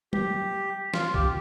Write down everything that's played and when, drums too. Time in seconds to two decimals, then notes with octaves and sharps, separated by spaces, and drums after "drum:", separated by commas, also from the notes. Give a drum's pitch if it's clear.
0.13 G4, drum: tom
0.94 F4, drum: snare
1.14 G4, drum: kick A#1